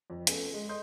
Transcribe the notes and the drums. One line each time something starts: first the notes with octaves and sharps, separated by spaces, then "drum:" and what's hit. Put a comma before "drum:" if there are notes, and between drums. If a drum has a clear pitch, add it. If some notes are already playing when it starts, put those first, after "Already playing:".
F2
A3 B3 C#4 G#4 A4 B4, drum: hi-hat
G#3
D#5 C6 D#6 G6